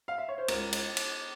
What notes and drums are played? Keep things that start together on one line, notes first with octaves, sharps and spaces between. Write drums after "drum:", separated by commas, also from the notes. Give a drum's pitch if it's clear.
F5
E5
C#5
C5
C#2 A#4, drum: cymbal
drum: cymbal
drum: cymbal